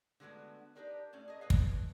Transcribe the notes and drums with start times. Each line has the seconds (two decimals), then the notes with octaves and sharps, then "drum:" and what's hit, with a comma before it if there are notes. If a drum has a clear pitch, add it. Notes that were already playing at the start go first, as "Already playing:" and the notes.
0.20 D3 G#3 A3 B3 F#4
0.75 D4 D#4 G4 A#4 B4 D5
1.13 A2 A3 C#4 D5
1.28 G#4 A#4 D#5
1.41 A2 G#4 B4 C#5 F5
1.50 drum: kick